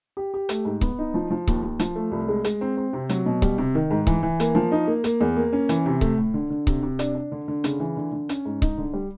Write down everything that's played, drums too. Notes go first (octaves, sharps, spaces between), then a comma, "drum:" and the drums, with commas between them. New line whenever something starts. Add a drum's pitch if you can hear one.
G4
G4
A3, drum: hi-hat
G#2
B3, drum: kick C#1
D#4
F3
F3
D#2, drum: kick C#1
D#2
F3, drum: hi-hat
A3
C2
G#3
G#3, drum: hi-hat
C4
C4
C3
F#3, drum: hi-hat
B2
G3, drum: kick C#1
C3
D#3
G#2
E3, drum: kick C#1
E3
A#3, drum: hi-hat
F3
D#4
A#3
A#3, drum: hi-hat
E2
A#3
C#4
E3, drum: hi-hat
C3
A3, drum: kick C#1
A2
D3
D3
C3, drum: kick C#1
C3
D4, drum: hi-hat
D4
D3
D3
C#3, drum: hi-hat
E3
D3
D3
C#4, drum: hi-hat
G#2
D#4, drum: kick C#1
D3
G3